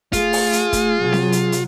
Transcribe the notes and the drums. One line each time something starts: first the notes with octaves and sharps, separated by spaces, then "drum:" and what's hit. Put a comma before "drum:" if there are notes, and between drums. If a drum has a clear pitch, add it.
A3 F4 G#4, drum: kick, hi-hat
drum: open hi-hat
drum: hi-hat
drum: kick, hi-hat
C3 F#3
drum: snare C4
drum: hi-hat
drum: hi-hat